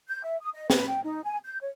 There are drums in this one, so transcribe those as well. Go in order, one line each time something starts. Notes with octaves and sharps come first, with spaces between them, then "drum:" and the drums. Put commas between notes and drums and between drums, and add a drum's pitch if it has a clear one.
G6
E5
D#6
D#5
B4, drum: snare
G5
D#4
G#5
G6
C#5